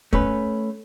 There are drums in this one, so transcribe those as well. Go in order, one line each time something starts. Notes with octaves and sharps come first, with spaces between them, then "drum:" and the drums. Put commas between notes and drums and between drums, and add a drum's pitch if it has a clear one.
A3 C#4 B4, drum: kick